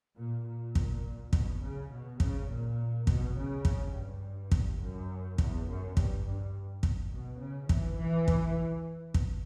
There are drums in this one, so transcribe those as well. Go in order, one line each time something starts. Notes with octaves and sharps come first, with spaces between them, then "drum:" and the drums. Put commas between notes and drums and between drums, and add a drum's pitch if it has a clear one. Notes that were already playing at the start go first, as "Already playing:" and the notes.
A#2
A#2
drum: kick
B2, drum: kick
C#3
B2
C#3, drum: kick
A#2
B2, drum: kick
C#3
drum: kick
G2
drum: kick
F#2
E2, drum: kick
F#2
G2, drum: kick
G2
drum: kick
B2
C#3
E3, drum: kick
E3
drum: kick
drum: kick